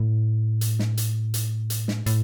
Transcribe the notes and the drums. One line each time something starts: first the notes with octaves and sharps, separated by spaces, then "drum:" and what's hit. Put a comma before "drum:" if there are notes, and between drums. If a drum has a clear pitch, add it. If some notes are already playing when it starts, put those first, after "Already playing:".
Already playing: A2
drum: hi-hat
drum: snare
drum: hi-hat
drum: hi-hat
drum: hi-hat
drum: snare
A2, drum: hi-hat